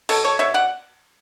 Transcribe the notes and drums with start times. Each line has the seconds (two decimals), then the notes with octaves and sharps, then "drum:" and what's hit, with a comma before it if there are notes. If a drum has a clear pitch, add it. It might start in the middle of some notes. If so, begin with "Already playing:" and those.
0.09 B2 A4 C#5, drum: cymbal
0.24 A4 C#5
0.39 B2 C#5 E5
0.54 D5 F#5